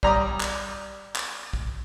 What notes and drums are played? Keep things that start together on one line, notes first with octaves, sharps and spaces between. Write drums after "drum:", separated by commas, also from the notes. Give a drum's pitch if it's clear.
G3 A#5 D6 D#6, drum: kick
drum: clap
drum: clap
drum: kick